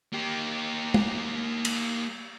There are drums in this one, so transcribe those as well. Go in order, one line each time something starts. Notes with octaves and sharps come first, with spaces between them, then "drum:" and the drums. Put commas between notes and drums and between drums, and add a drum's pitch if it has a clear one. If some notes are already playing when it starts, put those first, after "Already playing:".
A#3 G4
drum: tom
drum: cymbal